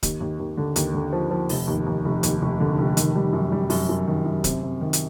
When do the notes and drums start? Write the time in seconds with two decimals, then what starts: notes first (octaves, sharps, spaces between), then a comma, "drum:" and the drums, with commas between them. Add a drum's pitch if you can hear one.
0.03 D#2, drum: kick, hi-hat
0.20 D#2
0.40 D#2
0.57 D3
0.76 D#2, drum: hi-hat
0.94 D3
1.13 F3
1.31 F3
1.49 F1, drum: open hi-hat
1.67 D#2
1.86 D#2
2.05 F1
2.23 D#2, drum: hi-hat
2.42 F1
2.60 D3
2.78 F1
2.97 D#3, drum: hi-hat
3.16 G3
3.33 F#2
3.52 G3
3.70 F#2, drum: open hi-hat
3.89 F#2
4.07 D#3
4.25 F#2
4.44 C3, drum: kick, hi-hat
4.62 C3
4.81 D#3
4.93 drum: hi-hat